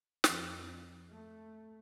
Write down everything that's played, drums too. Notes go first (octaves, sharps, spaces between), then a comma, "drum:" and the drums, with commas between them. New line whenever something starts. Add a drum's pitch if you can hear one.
F2, drum: snare
A3